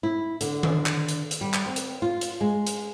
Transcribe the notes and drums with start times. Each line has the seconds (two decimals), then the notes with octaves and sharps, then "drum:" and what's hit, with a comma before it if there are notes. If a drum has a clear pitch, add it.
0.03 E4
0.41 D3, drum: hi-hat
0.63 drum: tom D#3
0.86 drum: clap
1.08 drum: hi-hat
1.31 drum: hi-hat
1.41 G3
1.54 drum: clap
1.66 C4
1.76 drum: hi-hat
2.02 F4
2.21 drum: hi-hat
2.41 G#3
2.67 drum: hi-hat